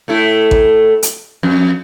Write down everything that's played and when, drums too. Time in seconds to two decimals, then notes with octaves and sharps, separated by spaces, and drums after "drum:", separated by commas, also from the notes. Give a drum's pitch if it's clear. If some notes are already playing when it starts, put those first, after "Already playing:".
0.08 A2 A3 E4
0.51 drum: kick
1.03 drum: hi-hat
1.43 F2